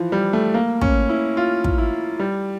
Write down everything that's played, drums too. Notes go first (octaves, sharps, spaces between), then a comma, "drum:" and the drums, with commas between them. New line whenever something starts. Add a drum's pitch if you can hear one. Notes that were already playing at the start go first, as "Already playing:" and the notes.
Already playing: E3 F3
G3
A3
A#3
C#4, drum: kick
E4
F4
drum: kick
E4
G3